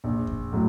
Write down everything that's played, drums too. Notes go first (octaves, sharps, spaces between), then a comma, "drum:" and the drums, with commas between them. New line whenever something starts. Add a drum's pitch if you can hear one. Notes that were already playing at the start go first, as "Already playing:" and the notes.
A#1
drum: kick E2
A2 F#3